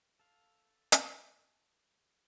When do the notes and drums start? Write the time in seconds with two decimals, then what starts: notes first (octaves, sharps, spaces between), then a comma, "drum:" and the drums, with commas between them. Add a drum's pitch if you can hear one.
0.20 A4 F5
0.92 drum: hi-hat